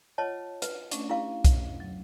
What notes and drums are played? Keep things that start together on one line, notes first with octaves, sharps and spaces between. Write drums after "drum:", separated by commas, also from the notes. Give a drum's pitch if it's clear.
F4 C#5 D#5 F#5 A5
B4, drum: hi-hat
A3 C#4 D4, drum: hi-hat
E4 G4 F5
drum: kick B1, hi-hat
F#3